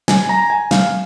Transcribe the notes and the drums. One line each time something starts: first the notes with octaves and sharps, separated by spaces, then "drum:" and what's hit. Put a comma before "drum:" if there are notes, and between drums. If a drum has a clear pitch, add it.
G#5, drum: snare
A#5
G#5
F5, drum: snare